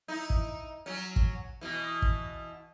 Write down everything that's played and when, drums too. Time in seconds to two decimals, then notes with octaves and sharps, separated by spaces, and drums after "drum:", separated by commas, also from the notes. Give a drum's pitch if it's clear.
0.08 D#4 E4
0.30 drum: kick
0.86 F#3 C#4
1.16 drum: kick
1.61 B2 E3
2.02 drum: kick